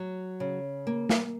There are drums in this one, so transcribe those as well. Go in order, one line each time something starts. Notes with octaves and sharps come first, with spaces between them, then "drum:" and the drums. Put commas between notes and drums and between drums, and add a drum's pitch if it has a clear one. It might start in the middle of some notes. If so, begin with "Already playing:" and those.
Already playing: F#3
C#3
A#3
drum: snare